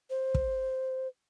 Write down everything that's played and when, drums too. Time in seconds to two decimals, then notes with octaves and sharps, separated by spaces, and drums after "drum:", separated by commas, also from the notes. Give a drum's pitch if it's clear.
0.10 C5
0.35 drum: kick